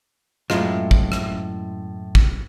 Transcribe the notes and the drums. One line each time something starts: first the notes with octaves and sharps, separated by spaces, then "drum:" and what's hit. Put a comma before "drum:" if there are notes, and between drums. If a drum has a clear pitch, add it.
F#2 A2 G#3 E4 F4 D#5, drum: rim click
drum: kick
drum: rim click
drum: kick